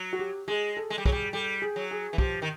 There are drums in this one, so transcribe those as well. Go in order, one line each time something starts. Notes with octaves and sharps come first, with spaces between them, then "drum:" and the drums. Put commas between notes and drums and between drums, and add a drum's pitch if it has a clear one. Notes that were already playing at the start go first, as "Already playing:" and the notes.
Already playing: F#3
F#4
G4
G#3 G#4
A4
G#3
G3
F#3 G#4, drum: kick
G3
G3 A4
G#4
F#3
G#4
E3
F3 G4, drum: kick
D#3